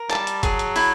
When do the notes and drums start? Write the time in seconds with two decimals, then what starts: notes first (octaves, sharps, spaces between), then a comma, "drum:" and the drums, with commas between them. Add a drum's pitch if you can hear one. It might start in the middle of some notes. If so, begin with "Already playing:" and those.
Already playing: A#4
0.11 G3 A5, drum: clap
0.27 drum: hi-hat
0.43 F#3 G#4, drum: kick G1, hi-hat
0.59 drum: hi-hat
0.76 E4, drum: open hi-hat